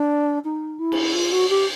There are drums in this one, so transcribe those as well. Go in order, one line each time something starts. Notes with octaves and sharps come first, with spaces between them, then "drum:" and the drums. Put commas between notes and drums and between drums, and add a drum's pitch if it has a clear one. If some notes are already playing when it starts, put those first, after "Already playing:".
Already playing: D4
D#4
E4
drum: cymbal
F4
F#4
G4